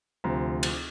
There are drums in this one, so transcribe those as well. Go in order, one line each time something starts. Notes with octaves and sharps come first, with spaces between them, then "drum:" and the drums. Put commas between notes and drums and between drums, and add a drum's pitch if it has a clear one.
D2 C3 F3 A#5
drum: cymbal